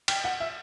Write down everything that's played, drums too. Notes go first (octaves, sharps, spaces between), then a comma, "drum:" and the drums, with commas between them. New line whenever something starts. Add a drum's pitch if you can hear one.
G5, drum: cymbal
F#5
E5